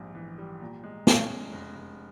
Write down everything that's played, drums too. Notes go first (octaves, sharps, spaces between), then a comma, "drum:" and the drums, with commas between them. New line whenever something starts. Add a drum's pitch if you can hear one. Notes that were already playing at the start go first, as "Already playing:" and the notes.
Already playing: A#1 G#2 G3
E3
G3
A#2
G#3
C#4, drum: snare
G#3
F1
F1